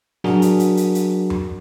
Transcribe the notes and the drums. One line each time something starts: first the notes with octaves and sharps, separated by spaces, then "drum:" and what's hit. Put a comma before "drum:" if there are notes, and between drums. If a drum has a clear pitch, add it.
F#3 D4 F#4 G#4 A#4, drum: snare
drum: hi-hat
drum: hi-hat
drum: hi-hat
drum: hi-hat
drum: tom F2